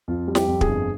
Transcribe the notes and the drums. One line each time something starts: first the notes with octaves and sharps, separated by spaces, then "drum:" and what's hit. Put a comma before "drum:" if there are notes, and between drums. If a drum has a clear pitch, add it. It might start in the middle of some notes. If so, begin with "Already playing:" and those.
F2 F4
G3
G4, drum: snare
F2
G#4, drum: kick
G1